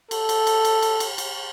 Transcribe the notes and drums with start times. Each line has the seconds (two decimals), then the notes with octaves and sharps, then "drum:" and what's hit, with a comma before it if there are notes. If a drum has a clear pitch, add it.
0.11 A4, drum: cymbal
0.29 drum: cymbal
0.47 drum: cymbal
0.65 drum: cymbal
0.82 drum: cymbal
1.00 drum: cymbal
1.18 drum: cymbal